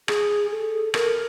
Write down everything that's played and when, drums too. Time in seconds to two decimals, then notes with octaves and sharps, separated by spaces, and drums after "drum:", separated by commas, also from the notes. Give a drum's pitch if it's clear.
0.08 G#4, drum: rim click
0.51 A4
0.94 A#4, drum: rim click